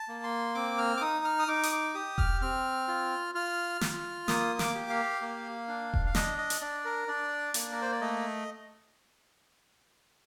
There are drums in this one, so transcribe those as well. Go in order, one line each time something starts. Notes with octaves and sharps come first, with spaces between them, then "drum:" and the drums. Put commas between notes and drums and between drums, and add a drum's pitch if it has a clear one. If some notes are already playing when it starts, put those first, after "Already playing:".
Already playing: A5
A#3
C6
C4 D6
F6
D6
D#4 D#6
F6
D#6
D#4 D6
D#6, drum: hi-hat
D6
G4 D#6
F6, drum: kick E1
C4 F6
F4
F4 F6
F4, drum: snare
A#3 D#6, drum: snare
D6, drum: snare
G4
F5
A#3
D4
drum: kick E1
F5
D4 D#5, drum: snare
D#5
drum: hi-hat
D4 D5
A#4
D4 D5
A#3, drum: hi-hat
A#4
C5
D5
A3 D#5